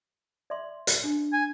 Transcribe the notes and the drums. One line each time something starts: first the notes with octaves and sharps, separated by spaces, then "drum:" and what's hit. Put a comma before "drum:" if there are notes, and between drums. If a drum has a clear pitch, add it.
D5 E5 C6
drum: hi-hat
D4
G#5